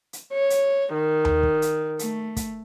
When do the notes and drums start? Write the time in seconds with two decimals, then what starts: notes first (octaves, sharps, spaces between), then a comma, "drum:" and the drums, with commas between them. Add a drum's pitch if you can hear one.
0.13 drum: hi-hat
0.32 C#5
0.50 drum: hi-hat
0.94 D#3
1.25 drum: tom D#2
1.43 drum: kick
1.62 drum: hi-hat
1.99 A3, drum: hi-hat
2.36 drum: kick, hi-hat